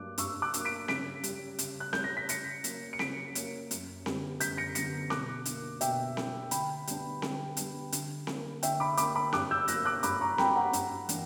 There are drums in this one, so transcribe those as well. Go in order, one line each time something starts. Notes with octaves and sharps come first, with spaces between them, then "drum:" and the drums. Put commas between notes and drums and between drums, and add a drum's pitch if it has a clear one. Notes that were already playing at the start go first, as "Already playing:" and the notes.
Already playing: G2 F#3 A#3 D4 D6 F#6
G2 C#6 E6, drum: hi-hat
D6 F#6
F#3 A#3 D4, drum: hi-hat
B6 D7
C#3 B6 D7, drum: snare C4
G3 C#4, drum: hi-hat
C#3, drum: hi-hat
F#6
G3 C#4 G6, drum: snare C4
A#6
B6
C#3 A#6 C#7, drum: hi-hat
F#3 A#3 C#4, drum: hi-hat
C#7
C#3 B6 D7, drum: snare C4
F#3 A#3 C#4, drum: hi-hat
F#2, drum: hi-hat
D3 G3 B3, drum: snare C4
F#2 G6 B6, drum: hi-hat
A#6 C#7
D3 G3 B3 A#6 C#7, drum: hi-hat
B2 D6 F#6, drum: snare C4
A#3 D4, drum: hi-hat
B2 E5 G5, drum: hi-hat
A#3 D4, drum: snare C4
D3 G5 B5, drum: hi-hat
G3 B3 D4, drum: hi-hat
D3, drum: snare C4
G3 B3 D4, drum: hi-hat
D3, drum: hi-hat
A#3, drum: snare C4
D4
D3 E5 G5, drum: hi-hat
B5 D6
A#3 D4 B5 D6, drum: hi-hat
B5 D6
G2 D6 F#6, drum: snare C4
E6 G6
F#3 A#3 C#4 E4 F#6 A#6, drum: hi-hat
D6 F#6
G2 B5 D6, drum: hi-hat
A#5 C#6
F#3 A#3 C#4 E4 G5 B5, drum: snare C4
F#5 A#5
G2, drum: hi-hat
E3 A#3 D4, drum: hi-hat